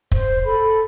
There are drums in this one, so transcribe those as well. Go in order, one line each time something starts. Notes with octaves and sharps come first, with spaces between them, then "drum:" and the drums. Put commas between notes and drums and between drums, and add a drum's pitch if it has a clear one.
C5, drum: kick
A4 B5